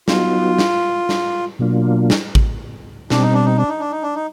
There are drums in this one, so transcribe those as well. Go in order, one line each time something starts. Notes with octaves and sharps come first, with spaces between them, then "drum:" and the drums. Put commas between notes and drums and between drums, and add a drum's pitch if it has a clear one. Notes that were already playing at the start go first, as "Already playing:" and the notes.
F#3 B3 D#4 F4 F#4, drum: snare
drum: snare
drum: snare
B2 F#3 A#3 D4 F4
drum: snare
drum: kick A1
B2 G3 C4 D4, drum: snare
D#4
D4
D#4
D4
D#4
D4
D#4
D4
D#4